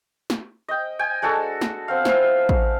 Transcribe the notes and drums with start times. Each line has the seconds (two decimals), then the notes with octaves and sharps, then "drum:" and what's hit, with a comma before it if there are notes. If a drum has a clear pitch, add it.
0.30 drum: snare
0.68 D#5 G5
0.99 G5 G#5
1.22 G#3 D4 F#4 A4
1.61 drum: snare
1.88 B3 C4 F5
2.05 E4 F5, drum: snare
2.49 drum: kick